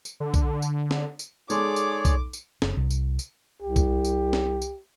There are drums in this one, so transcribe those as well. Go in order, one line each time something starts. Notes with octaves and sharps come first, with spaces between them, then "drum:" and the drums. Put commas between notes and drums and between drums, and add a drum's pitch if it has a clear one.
drum: tambourine
D3
drum: kick, tambourine
drum: tambourine
drum: snare
drum: tambourine
G#3 D#4 G#4 A4 C#5 D5 C6 D6, drum: tambourine
drum: tambourine
drum: kick, tambourine
drum: tambourine
F#1, drum: snare
C2
drum: tambourine
drum: tambourine
C2 G4
drum: kick, tambourine
drum: tambourine
drum: snare
drum: tambourine